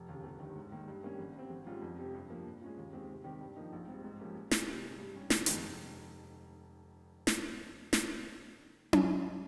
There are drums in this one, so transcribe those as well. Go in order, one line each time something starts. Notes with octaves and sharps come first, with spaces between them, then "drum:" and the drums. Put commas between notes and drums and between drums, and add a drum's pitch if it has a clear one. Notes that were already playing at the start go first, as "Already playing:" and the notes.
Already playing: F1
D#2 C#3
G1
G2 D#3
G#2
D#3 A#3
G2
G3 A#3 C#4
G#1
G2 G3 C4
G#1
G#2 G3 C#4 F4
F2
C3 G3 C4 G4
G2
F3 A#3
A#2
G#3 C#4 F4
D#2
D#3 G#3 C4 G4
C3
D#3 G3 C4 G4
G2
F3 A#3 D#4
A#1
G#2 G3 C4
G#2
F3 A#3 C#4 G4
A#2
G#3 C#4, drum: snare
C2
A#2 G#3
G2
G3 C#4
F1, drum: snare
F2 D#3 G#3 D#4, drum: hi-hat
F1
drum: snare
drum: snare
drum: tom C#4